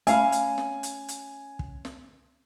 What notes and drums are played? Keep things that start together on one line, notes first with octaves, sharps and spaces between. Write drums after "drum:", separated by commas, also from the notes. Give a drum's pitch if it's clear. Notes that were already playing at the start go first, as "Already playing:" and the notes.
A3 C#4 F5 G#5 B5, drum: hi-hat
drum: hi-hat
drum: snare
drum: hi-hat
drum: hi-hat
drum: kick
drum: snare